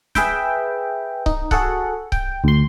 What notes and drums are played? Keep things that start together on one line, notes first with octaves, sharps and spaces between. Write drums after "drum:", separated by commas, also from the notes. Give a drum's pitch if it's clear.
G#4 B4 E5 G5, drum: snare
D#4, drum: kick C#1
F#4 G#4 A4 F#5, drum: kick C#1
G5, drum: kick C#1
D2 C6